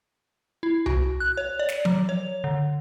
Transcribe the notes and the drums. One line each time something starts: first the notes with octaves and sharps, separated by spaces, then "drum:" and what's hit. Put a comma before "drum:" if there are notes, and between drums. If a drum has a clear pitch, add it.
E4
F#4, drum: tom C2
F#6
C#5
D5
drum: snare
F#3, drum: tom F3
C#5
D3